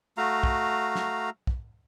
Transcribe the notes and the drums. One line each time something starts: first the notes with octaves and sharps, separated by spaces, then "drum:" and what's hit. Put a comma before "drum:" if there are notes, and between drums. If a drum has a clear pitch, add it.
A3 F#4 F5 A#5
drum: kick
drum: snare
drum: kick